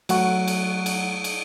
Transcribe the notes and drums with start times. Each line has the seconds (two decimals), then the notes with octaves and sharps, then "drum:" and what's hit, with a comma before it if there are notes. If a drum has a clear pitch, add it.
0.09 F#3 A3 F#5 C#6, drum: cymbal
0.48 drum: cymbal
0.86 drum: cymbal
1.24 drum: cymbal